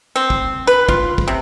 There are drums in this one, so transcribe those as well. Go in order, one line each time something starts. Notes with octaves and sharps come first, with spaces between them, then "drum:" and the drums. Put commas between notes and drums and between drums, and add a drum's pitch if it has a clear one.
C4
drum: kick
B4
F4, drum: kick
drum: kick
C3